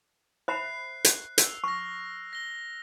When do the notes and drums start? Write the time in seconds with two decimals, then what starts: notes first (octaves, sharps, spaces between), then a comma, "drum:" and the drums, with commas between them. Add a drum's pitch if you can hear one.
0.48 C5 E5 B5 F#6 C7
1.05 drum: hi-hat
1.38 E6 F7, drum: hi-hat
1.64 C#6 F6 A#6
2.33 A#6 G7